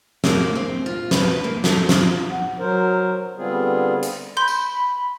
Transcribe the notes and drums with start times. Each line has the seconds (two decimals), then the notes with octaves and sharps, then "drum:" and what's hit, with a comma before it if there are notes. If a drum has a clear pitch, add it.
0.24 A#3, drum: snare
0.55 C4
0.86 F4
1.11 B4, drum: snare
1.44 A#3
1.64 A4, drum: snare
1.89 F4, drum: snare
2.30 F#5
2.59 F#3 A#4 C5
3.37 D3 G3 B3 C4 F4 G#4
4.03 drum: hi-hat
4.37 B5 C6 G6
4.48 drum: tambourine